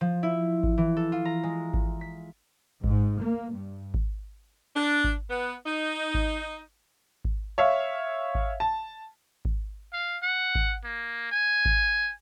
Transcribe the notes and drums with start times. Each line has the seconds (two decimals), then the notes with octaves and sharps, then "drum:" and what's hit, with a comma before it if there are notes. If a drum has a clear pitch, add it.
0.01 F3
0.23 E4
0.63 drum: kick G#1
0.78 E3
0.97 A4
1.12 F4
1.25 A#5
1.43 G#3
1.74 drum: kick G#1
2.01 B6
2.84 G#2, drum: kick G#1
3.21 A#3
3.52 G2
3.94 drum: kick G#1
4.75 D4
5.04 drum: kick G#1
5.30 B3
5.66 D#4
6.14 drum: kick G#1
7.25 drum: kick G#1
7.58 C#5 E5 F5
8.35 drum: kick G#1
8.60 A5
9.45 drum: kick G#1
9.93 F5
10.23 F#5
10.55 drum: kick G#1
10.84 A#3
11.32 G#5
11.65 drum: kick G#1